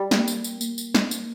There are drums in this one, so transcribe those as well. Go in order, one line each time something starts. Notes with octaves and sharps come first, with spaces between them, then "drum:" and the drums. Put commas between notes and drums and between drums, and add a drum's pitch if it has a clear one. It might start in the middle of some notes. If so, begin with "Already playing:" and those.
Already playing: G3
A#3, drum: snare
drum: tambourine
drum: tambourine
A#3, drum: tambourine
drum: tambourine
drum: snare
drum: tambourine